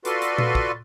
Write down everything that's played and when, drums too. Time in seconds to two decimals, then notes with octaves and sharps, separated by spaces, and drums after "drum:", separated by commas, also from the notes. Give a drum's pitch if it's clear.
0.05 F4 F#4 A4 B4 D5 C6, drum: hi-hat
0.22 drum: hi-hat
0.38 drum: tom A#2
0.55 drum: kick